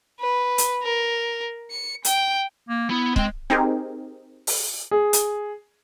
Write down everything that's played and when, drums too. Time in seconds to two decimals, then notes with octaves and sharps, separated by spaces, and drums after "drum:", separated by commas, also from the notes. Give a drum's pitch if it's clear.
0.20 B4
0.58 drum: hi-hat
0.83 A#4
1.71 C#7
2.05 G5, drum: hi-hat
2.69 A#3
2.90 B3 E4
3.16 G#3 C4 G5, drum: kick
3.50 C4 D#4 G4 G#4 A#4
4.47 drum: open hi-hat
4.91 G#4
5.13 drum: hi-hat